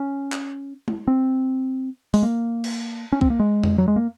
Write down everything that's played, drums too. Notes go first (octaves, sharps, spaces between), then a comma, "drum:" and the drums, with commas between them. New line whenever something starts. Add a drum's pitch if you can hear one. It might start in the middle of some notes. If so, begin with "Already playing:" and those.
Already playing: C#4
drum: clap
drum: tom G#3
C4
G#3, drum: open hi-hat
A#3
drum: cymbal
C#4
C4, drum: kick
A#3
G#3
drum: tom F2
F#3
G#3
A#3